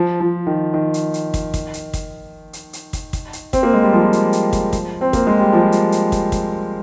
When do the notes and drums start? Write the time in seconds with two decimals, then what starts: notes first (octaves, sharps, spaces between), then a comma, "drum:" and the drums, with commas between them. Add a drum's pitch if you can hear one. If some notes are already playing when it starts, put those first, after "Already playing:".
Already playing: F3
0.20 F3
0.47 D#3
0.74 D#3
0.94 drum: hi-hat
1.14 drum: hi-hat
1.34 drum: kick, hi-hat
1.54 drum: kick, hi-hat
1.74 drum: hi-hat
1.93 drum: kick, hi-hat
2.53 drum: hi-hat
2.73 drum: hi-hat
2.93 drum: kick, hi-hat
3.13 drum: kick, hi-hat
3.33 drum: hi-hat
3.53 C4, drum: kick, hi-hat
3.63 A#3
3.74 G#3
3.83 G3
3.93 F3
4.13 drum: hi-hat
4.33 drum: hi-hat
4.53 drum: kick, hi-hat
4.73 drum: kick, hi-hat
5.01 C4
5.13 A#3, drum: kick, hi-hat
5.27 G#3
5.39 G3
5.53 F3
5.72 drum: hi-hat
5.92 drum: hi-hat
6.12 drum: kick, hi-hat
6.32 drum: kick, hi-hat